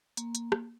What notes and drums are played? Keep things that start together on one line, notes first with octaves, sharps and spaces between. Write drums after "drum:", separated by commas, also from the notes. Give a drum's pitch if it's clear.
A#3, drum: hi-hat
drum: hi-hat
drum: rim click